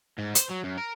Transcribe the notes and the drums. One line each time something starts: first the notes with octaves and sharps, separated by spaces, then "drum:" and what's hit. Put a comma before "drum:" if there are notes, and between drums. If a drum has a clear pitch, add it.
G#2
C5, drum: hi-hat
F#3
F#2
A#4